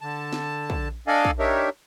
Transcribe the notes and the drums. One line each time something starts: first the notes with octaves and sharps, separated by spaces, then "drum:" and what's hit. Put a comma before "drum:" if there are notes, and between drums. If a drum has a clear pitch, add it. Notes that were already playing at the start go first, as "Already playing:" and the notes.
D3 A5
drum: snare
drum: kick
D4 A4 D5 D#5 F5 G#5
drum: kick
D4 D#4 G4 A#4 C#5 E5